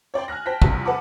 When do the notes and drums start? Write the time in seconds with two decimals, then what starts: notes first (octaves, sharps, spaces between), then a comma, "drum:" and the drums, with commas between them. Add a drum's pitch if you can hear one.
0.14 C#5 D5 G5 C6
0.28 G#5 F6 F#6 A#6
0.46 C5 G5 A5 A#6 B6
0.62 A#1 E2 C3 G3 B6, drum: kick
0.85 A4 B4 F#5 A5 D6